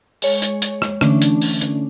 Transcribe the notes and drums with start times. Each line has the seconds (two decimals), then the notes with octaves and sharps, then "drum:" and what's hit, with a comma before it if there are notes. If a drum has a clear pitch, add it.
0.22 G#3 C#5, drum: open hi-hat
0.42 drum: hi-hat
0.62 drum: hi-hat
0.82 drum: rim click
1.01 D3 E3 A3 C#4 D4, drum: rim click
1.22 drum: hi-hat
1.42 drum: open hi-hat
1.61 drum: hi-hat